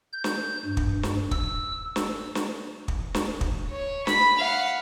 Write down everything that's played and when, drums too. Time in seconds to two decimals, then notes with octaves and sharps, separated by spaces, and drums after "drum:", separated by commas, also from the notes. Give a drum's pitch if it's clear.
0.13 G6
0.24 drum: snare
0.65 G2
0.77 drum: kick
1.03 drum: snare
1.31 E6, drum: kick
1.96 drum: snare
2.35 drum: snare
2.88 drum: kick
3.14 drum: snare
3.41 drum: kick
3.70 C#5
4.07 B5, drum: snare
4.38 F5 F#5